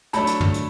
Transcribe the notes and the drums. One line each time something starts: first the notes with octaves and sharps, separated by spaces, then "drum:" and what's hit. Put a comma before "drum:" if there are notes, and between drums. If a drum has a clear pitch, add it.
F#3 A3 D4 A5 B5, drum: hi-hat
drum: hi-hat
drum: tom
drum: hi-hat